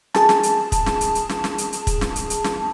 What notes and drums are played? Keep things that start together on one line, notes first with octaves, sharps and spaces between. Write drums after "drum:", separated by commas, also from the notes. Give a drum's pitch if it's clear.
G#4 A5, drum: snare
drum: snare
drum: hi-hat
drum: kick, hi-hat
drum: snare
drum: hi-hat
drum: hi-hat
drum: snare
drum: snare
drum: hi-hat
drum: hi-hat
drum: kick, hi-hat
drum: snare
drum: hi-hat
drum: hi-hat
drum: snare